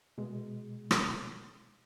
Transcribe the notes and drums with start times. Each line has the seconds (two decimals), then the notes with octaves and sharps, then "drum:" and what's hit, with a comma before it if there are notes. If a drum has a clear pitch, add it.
0.18 B2 G#3
0.91 drum: rim click